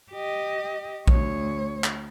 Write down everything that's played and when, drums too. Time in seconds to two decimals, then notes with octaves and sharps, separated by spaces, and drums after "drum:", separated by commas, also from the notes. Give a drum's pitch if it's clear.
0.12 G4 D#5
1.08 D2 C#5, drum: kick A#1
1.84 drum: clap